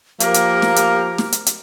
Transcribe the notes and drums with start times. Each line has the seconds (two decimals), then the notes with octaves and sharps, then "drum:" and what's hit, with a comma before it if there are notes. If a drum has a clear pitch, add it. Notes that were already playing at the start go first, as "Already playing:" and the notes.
0.20 F3 A#3 G4 A#4, drum: hi-hat
0.34 drum: hi-hat
0.62 drum: snare
0.76 drum: hi-hat
1.18 drum: snare
1.32 drum: hi-hat
1.46 drum: hi-hat